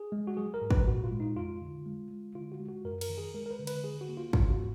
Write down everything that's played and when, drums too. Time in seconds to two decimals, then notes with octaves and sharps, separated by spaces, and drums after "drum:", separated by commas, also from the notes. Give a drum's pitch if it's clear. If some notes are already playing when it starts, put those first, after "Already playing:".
Already playing: G#4
0.12 G#3
0.27 F#4
0.37 F#3 G#4
0.54 A#4
0.61 G#2
0.70 B4, drum: kick
0.87 A#2 F#4
1.04 F4
1.12 G#3
1.20 D#4
1.36 F2 F4
1.62 D3
1.86 G#3
2.11 G#3
2.35 D3 F4
2.52 F#4
2.60 G#3
2.68 F#4
2.85 F#2 A#4
3.01 A#4, drum: cymbal
3.10 D#3
3.18 G#4
3.34 G#3 A#4
3.46 A#4
3.51 B4
3.59 D3
3.67 B4, drum: cymbal
3.83 D#3 G#4
4.01 F#4
4.09 A#3
4.17 F4
4.33 G#2 F4, drum: kick
4.50 F#4
4.58 B3